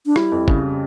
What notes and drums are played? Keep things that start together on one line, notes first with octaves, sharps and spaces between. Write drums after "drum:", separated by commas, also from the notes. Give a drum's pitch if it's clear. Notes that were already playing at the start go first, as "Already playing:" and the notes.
D4
G3 E4, drum: rim click
F2
C#3, drum: kick